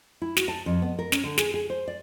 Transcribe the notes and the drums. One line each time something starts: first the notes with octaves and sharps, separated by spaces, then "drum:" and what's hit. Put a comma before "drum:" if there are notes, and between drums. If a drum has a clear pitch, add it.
E4
F#4, drum: snare
A5
F2
B3
A#4
C#4, drum: snare
D3
G#4, drum: snare
G#4
C5
D5